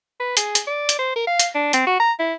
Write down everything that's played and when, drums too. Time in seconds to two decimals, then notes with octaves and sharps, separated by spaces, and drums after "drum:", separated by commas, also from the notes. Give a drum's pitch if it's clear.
0.20 B4
0.37 G#4, drum: hi-hat
0.55 drum: hi-hat
0.67 D5
0.89 drum: hi-hat
0.99 C5
1.16 A#4
1.27 F5
1.39 drum: hi-hat
1.55 D4
1.73 C4, drum: hi-hat
1.86 F#4
1.99 A#5
2.19 E4